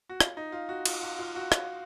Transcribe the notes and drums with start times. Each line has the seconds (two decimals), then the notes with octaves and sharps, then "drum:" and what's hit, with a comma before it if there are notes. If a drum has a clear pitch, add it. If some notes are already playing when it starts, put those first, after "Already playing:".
0.09 F#4
0.20 F4, drum: rim click
0.37 D#4
0.52 F4
0.69 F#4
0.85 F4, drum: cymbal
1.02 F#4
1.19 F4
1.36 F#4
1.52 drum: rim click